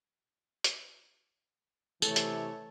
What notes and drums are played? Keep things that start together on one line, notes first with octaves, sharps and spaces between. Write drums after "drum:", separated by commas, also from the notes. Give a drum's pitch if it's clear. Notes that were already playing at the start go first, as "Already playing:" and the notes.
drum: hi-hat
C3 E3 A3 A4 C#5, drum: tambourine
drum: hi-hat